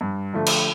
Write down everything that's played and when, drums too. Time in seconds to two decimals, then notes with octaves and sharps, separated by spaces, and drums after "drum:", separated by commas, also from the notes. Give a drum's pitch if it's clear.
0.01 G2
0.33 D3 F3 A3
0.46 drum: cymbal